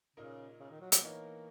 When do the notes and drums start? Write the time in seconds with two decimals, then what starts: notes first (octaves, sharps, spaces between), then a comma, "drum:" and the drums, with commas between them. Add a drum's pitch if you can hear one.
0.17 A#2 C#3 A#3 D#4 A#4 D#5
0.60 C#3
0.71 D#3
0.81 F#3
0.92 F#3, drum: hi-hat
1.02 E3 A#3 B3 D#4 A#4 C#5